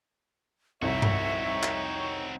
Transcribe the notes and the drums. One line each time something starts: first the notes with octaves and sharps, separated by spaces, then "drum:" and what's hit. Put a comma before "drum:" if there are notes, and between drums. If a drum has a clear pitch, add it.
C2 F2 C4 D#4 F#4 C#5 E5
drum: tom G2
drum: clap